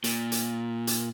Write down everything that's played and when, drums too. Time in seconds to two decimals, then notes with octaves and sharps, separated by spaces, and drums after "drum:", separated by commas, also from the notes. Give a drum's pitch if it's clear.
0.04 A#2, drum: hi-hat
0.32 drum: hi-hat
0.87 drum: hi-hat